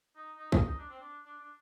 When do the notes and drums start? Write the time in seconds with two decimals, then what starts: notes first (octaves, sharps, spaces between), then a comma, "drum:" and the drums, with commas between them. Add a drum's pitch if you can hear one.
0.16 D#4
0.38 D#4
0.52 D#4, drum: kick
0.67 D#4
0.78 D4
0.89 C4
1.00 D4
1.26 D4
1.40 D4